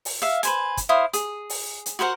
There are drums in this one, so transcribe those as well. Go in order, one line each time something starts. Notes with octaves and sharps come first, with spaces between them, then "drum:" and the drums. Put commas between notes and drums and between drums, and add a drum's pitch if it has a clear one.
drum: open hi-hat
E5 F5
B4 C5 G#5, drum: hi-hat
drum: kick, hi-hat
E4 C5 F5 D#6
G#4, drum: hi-hat
drum: open hi-hat
drum: hi-hat
F#4 A#4 C5 F#5